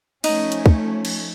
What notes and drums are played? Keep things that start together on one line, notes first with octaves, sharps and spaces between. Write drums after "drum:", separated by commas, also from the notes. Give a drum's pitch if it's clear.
F3 A3 C#4 D#4, drum: cymbal
drum: hi-hat
drum: kick
drum: cymbal